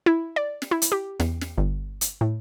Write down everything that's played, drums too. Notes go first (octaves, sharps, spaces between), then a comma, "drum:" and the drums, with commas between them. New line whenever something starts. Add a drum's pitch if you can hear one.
E4
D5
drum: snare
E4
drum: hi-hat
G4
E2, drum: snare
drum: snare
G1
drum: hi-hat
A2